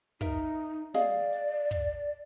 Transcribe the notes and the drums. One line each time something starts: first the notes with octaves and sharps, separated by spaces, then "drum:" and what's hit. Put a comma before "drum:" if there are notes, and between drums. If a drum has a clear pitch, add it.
D#4 A#4 E5, drum: kick
G#4 D5 D#5 F5, drum: snare
drum: hi-hat
drum: kick, hi-hat